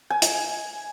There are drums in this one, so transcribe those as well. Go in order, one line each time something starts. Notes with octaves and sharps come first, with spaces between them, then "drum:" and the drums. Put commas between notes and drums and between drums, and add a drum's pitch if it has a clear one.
G#5
drum: hi-hat